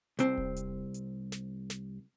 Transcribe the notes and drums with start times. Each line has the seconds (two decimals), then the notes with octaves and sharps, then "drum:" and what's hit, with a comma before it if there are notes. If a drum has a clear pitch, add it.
0.19 C2 C4, drum: hi-hat
0.38 drum: kick D#1
0.56 drum: hi-hat
0.94 drum: hi-hat
1.32 drum: snare
1.70 drum: snare